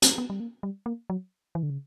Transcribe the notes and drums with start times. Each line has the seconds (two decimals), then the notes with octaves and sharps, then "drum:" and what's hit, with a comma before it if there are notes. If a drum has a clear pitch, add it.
0.02 drum: hi-hat
0.18 B3
0.30 G3
0.40 A#3
0.63 G3
0.86 A#3
1.10 F#3
1.55 E3
1.63 D3
1.70 C#3